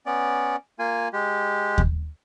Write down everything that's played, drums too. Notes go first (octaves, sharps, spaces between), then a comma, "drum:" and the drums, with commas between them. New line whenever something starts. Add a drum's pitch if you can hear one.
B3 C#4 D5
A#3 F4 G#5
G#3 G4
drum: kick D#2